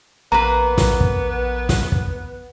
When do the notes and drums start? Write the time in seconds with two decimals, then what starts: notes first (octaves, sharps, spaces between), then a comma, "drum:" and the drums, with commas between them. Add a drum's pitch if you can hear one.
0.32 A#1 A#3 B3 B4 A#5
0.78 drum: snare
1.00 drum: kick
1.69 drum: snare
1.92 drum: kick